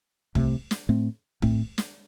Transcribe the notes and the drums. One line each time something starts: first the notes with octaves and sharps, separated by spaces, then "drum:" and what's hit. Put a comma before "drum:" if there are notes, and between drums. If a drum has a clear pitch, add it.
C2 C3 A3, drum: kick
drum: snare
A2 A3 C4
A2 A3 C4, drum: kick
drum: snare